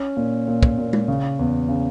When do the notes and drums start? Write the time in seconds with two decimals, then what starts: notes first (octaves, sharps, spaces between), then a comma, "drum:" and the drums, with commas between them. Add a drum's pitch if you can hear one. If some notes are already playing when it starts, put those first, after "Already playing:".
Already playing: C#4
0.17 A#2
0.48 A#2
0.63 drum: kick
0.78 A#2
0.93 drum: tom G#3
1.08 C#3
1.39 E2
1.69 C#3